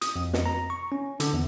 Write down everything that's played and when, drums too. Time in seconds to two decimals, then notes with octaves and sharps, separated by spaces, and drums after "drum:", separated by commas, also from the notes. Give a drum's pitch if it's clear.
0.01 D#6, drum: hi-hat
0.16 F2
0.33 drum: snare
0.46 A#5
0.70 C#6
0.92 C#4
1.20 D3, drum: hi-hat
1.33 E2